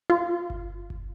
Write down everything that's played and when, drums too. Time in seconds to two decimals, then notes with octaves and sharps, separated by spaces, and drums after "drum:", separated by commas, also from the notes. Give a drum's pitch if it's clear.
0.10 F4
0.50 drum: kick G1
0.90 drum: kick G1